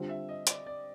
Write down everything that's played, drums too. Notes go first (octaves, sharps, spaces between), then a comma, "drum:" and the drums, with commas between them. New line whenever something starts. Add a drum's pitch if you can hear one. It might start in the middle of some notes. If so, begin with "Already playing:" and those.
Already playing: D3 G3 C4 F4
E5
D#5
D5, drum: hi-hat
D5